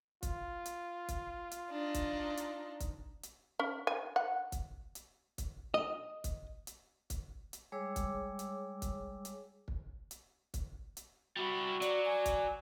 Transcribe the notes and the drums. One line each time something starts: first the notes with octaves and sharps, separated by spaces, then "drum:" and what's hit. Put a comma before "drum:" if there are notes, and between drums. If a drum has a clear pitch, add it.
F4, drum: kick, hi-hat
drum: hi-hat
drum: kick, hi-hat
drum: hi-hat
D4 D#4
drum: kick, hi-hat
drum: hi-hat
drum: kick, hi-hat
drum: hi-hat
C#4
G#5
F#5
drum: kick, hi-hat
drum: hi-hat
drum: kick, hi-hat
D#5
drum: kick, hi-hat
drum: hi-hat
drum: kick, hi-hat
drum: hi-hat
G3 G#3 G#4 C#5 D6 E6
drum: kick, hi-hat
drum: hi-hat
drum: kick, hi-hat
drum: hi-hat
drum: kick
drum: hi-hat
drum: kick, hi-hat
drum: hi-hat
G3 E4 F#4
F#3 D5, drum: hi-hat
G#5
drum: kick, hi-hat